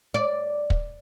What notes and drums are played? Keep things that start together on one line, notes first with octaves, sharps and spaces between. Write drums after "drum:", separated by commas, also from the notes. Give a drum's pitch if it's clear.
D5
drum: kick